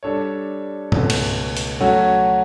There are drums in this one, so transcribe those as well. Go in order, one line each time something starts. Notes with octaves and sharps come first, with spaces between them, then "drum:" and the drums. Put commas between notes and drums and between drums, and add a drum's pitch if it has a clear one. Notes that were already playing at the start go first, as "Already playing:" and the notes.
G3 D4 A4 C#5
C#2 B2 A3 C#4, drum: tom G#2
drum: cymbal
drum: hi-hat
F#3 A3 C#4 F#4 C#5